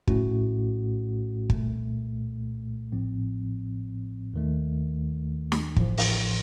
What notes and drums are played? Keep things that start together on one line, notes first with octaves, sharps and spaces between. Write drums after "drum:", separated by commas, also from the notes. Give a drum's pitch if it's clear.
A#1 A2 A3 C#4 F#4, drum: kick
C2 A#2 A3, drum: kick
A1 A2 F3 C4
D#2 D#3 A3
drum: snare
A1 A2 F3, drum: kick
drum: open hi-hat